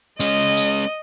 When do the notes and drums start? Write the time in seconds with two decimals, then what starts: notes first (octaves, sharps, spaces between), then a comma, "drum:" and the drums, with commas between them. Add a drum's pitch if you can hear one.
0.20 G#3 C#4 D#5, drum: tambourine
0.57 drum: tambourine